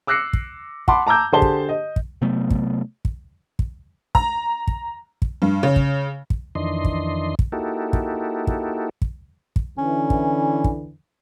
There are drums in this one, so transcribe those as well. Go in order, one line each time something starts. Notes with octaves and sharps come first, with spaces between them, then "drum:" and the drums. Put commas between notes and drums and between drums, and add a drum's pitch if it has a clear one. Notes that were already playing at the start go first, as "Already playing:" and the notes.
D6 E6 F#6 A#6 C7 C#7
drum: kick
F#5 A5 B5 C6 D6, drum: kick
A5 A#5 D6 E6 G6
D3 G4 G#4 C5 A5 G7
drum: kick
D#5
drum: kick
C3 F#3 A3 B3
drum: kick
drum: kick
drum: kick
A#5, drum: kick
drum: kick
drum: kick
G2
C#3
drum: kick
drum: kick
F2 D#3 E3 D4 D#5 C6
drum: kick
drum: kick
A#3 D#4 E4 F#4 G4 A4
drum: kick
drum: kick
drum: kick
drum: kick
D3 E3 C#4
drum: kick
drum: kick